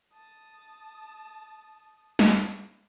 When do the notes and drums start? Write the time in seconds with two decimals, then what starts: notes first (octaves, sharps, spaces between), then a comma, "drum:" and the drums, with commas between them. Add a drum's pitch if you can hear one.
0.13 A5 D#6
2.19 drum: snare